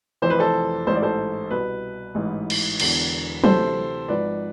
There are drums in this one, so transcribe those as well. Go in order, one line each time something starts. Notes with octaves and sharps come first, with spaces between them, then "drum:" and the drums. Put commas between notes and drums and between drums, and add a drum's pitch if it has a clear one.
F1 F2 E3 C5
B4
A4 C5
A1 G#2 E3 C5
D5
A4 C5
C2 B2 B4
A1 G#2 E3
drum: cymbal
E1 E2 D3, drum: cymbal
D2 C3 E3 A4 C5, drum: tom F#3
G#1 G#2 F3 B4 D5